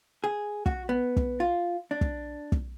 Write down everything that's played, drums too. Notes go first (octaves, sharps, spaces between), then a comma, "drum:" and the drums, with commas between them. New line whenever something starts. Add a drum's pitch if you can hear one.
G#4
F#4, drum: kick
B3
drum: kick
F4
D4
drum: kick
drum: kick